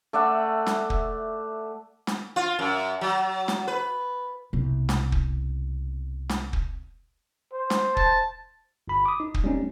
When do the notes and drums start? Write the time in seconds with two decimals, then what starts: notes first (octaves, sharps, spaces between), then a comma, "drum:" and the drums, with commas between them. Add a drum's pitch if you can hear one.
0.13 A3 D5 E5 F#5
0.66 drum: snare
0.90 drum: kick
2.07 drum: snare
2.36 F4
2.59 F#2
3.01 F#3
3.48 drum: snare
3.68 B4
4.53 C2 B2
4.89 drum: snare
5.12 drum: kick
6.29 drum: snare
6.53 drum: kick
7.53 C5
7.70 drum: snare
7.97 A5, drum: kick
8.88 G1 B5
9.06 D6 D#6
9.20 D#4
9.34 drum: kick
9.44 G3 A3 C4 C#4 D#4